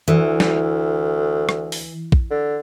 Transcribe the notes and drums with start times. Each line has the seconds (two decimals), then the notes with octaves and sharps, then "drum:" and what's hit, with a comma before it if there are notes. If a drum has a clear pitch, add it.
0.08 D2 E3
0.40 drum: snare
1.49 drum: rim click
1.72 drum: open hi-hat
2.12 drum: kick
2.31 D3